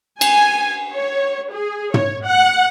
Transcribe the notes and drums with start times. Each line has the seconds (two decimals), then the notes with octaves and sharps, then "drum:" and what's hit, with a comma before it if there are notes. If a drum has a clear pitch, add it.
0.21 G#5, drum: cymbal
0.94 C#5
1.52 G#4
1.94 C#5, drum: tom
2.25 F#5